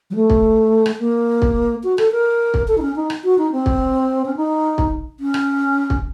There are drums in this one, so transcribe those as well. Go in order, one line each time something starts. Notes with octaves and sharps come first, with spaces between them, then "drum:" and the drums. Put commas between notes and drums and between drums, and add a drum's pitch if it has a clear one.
F#3
A3
drum: kick
drum: rim click
A#3
drum: kick
F#4
A4, drum: rim click
A#4
drum: kick
A4
D#4
C#4
D#4
drum: rim click
F#4
D#4
C4
drum: kick
C#4
D#4
drum: kick
C#4
drum: rim click
drum: kick